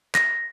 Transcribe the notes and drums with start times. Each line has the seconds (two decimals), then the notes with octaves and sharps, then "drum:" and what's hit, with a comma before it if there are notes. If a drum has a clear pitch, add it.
0.15 A#6, drum: clap